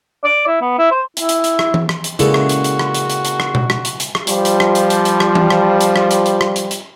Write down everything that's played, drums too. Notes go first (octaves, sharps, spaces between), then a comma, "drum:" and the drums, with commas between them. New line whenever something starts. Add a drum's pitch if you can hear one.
D5
E4
B3
E4
C5
E4, drum: hi-hat
drum: hi-hat
drum: hi-hat
drum: rim click
drum: tom E3
drum: rim click
drum: hi-hat
A#2 C#3 G#3 E4 F#4 A4, drum: hi-hat
drum: rim click
drum: hi-hat
drum: hi-hat
drum: rim click
drum: hi-hat
drum: hi-hat
drum: hi-hat
drum: rim click
drum: tom B2
drum: rim click
drum: hi-hat
drum: hi-hat
drum: rim click
F3 G3, drum: hi-hat
drum: hi-hat
drum: rim click
drum: hi-hat
drum: hi-hat
drum: hi-hat
drum: rim click
drum: tom E3
drum: rim click
drum: hi-hat
drum: rim click
drum: hi-hat
drum: hi-hat
drum: rim click
drum: hi-hat
drum: hi-hat